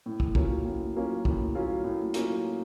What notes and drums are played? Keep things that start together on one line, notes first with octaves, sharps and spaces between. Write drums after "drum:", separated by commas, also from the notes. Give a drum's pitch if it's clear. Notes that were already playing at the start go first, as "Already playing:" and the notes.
A2
drum: kick
F#3 A#3 C#4 F4, drum: kick
A2
F#3 A#3 C#4 F4
A2, drum: kick
F#3 A#3 C#4 F4
A2
F#3 A#3 C#4 F4, drum: hi-hat